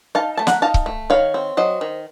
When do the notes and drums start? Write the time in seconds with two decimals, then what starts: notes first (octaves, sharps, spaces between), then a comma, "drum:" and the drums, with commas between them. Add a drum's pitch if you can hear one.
0.15 D#4 F5 A5
0.37 A3 A5
0.47 F#5 A#5, drum: snare
0.62 D#4 F5 A5
0.74 drum: kick C#1
0.86 A3
1.10 D#3 C#5 F5
1.34 C4
1.57 F#3 C5 D#5
1.81 D#3